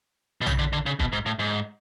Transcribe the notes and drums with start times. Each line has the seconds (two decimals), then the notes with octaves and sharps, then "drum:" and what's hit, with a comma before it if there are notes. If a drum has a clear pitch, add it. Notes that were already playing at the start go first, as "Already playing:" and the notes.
0.41 B2
0.46 C#3, drum: tom
0.59 D3
0.73 D3
0.86 C#3
0.99 B2, drum: kick
1.12 G#2
1.26 A2
1.39 G#2